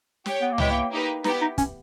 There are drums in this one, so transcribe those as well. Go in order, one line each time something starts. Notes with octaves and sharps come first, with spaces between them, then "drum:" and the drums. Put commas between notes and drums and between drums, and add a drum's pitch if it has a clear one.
G4 C#5 G5, drum: snare
B3
A#3
G#3 B3 E4 G4 C#5 G5, drum: tom
A#3
A#3 D#4 G4 B4
B3 D#4 E4 G4, drum: snare
D#4
C#4, drum: kick, hi-hat